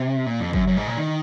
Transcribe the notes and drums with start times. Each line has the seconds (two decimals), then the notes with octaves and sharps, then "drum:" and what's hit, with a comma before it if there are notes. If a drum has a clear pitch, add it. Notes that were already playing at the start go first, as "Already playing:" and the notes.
Already playing: C3
0.26 A#2
0.40 F2
0.53 F#2, drum: kick
0.67 F#2
0.77 G#2
0.87 A#2
0.97 D#3